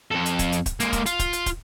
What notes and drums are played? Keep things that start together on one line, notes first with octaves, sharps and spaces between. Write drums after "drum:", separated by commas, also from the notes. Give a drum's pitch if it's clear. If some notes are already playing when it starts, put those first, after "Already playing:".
F2 A4
drum: hi-hat
drum: kick, hi-hat
drum: hi-hat
drum: kick, hi-hat
G#3 A#3, drum: hi-hat
drum: kick, hi-hat
F4, drum: hi-hat
drum: kick, hi-hat
drum: hi-hat
drum: kick, hi-hat